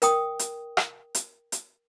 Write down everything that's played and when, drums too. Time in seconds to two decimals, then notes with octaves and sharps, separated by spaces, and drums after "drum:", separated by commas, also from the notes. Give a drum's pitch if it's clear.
0.02 A#4 G5 D#6, drum: hi-hat
0.39 drum: hi-hat
0.77 drum: rim click
1.15 drum: hi-hat
1.52 drum: hi-hat